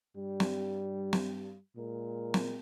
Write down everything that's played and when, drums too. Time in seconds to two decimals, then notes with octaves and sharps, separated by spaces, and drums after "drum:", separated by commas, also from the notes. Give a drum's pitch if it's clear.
0.16 G2 G3
0.40 drum: snare
1.13 drum: snare
1.77 A#2 G#3 A#4
2.34 drum: snare